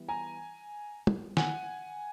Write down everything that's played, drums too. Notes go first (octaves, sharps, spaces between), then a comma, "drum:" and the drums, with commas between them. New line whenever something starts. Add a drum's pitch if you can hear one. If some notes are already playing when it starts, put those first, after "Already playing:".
Already playing: E3 G3 B3
G#5 A#5
drum: tom
F#5 G#5, drum: snare